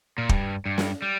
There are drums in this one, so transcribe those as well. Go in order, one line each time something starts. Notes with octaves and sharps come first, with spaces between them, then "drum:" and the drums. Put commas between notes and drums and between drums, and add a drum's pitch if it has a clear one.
A#2
G2, drum: kick
G2
drum: snare
G3